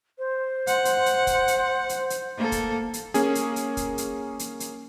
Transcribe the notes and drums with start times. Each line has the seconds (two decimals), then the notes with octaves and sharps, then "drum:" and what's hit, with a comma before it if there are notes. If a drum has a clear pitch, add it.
0.18 C5
0.67 F#5, drum: hi-hat
0.85 drum: hi-hat
1.06 drum: hi-hat
1.27 drum: kick, hi-hat
1.48 drum: hi-hat
1.89 drum: hi-hat
2.10 drum: hi-hat
2.37 A#3 A4
2.52 drum: kick, hi-hat
2.94 drum: hi-hat
3.14 A#3 C#4 G#4, drum: hi-hat
3.35 drum: hi-hat
3.56 drum: hi-hat
3.77 drum: kick, hi-hat
3.98 drum: hi-hat
4.39 drum: hi-hat
4.60 drum: hi-hat